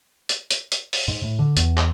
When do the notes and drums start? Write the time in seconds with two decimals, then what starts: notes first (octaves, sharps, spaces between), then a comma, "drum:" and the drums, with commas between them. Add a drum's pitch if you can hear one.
0.29 drum: hi-hat
0.51 drum: hi-hat
0.72 drum: hi-hat
0.93 drum: open hi-hat
1.08 G#2
1.23 A2
1.39 D3
1.57 E2, drum: hi-hat
1.78 drum: clap